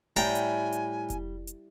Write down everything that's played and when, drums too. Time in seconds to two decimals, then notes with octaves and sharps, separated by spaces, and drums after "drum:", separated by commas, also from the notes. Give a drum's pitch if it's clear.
0.16 A2 G3 G5 G#5 A#5
0.35 drum: hi-hat
0.72 drum: hi-hat
1.10 drum: kick F1, hi-hat
1.47 drum: hi-hat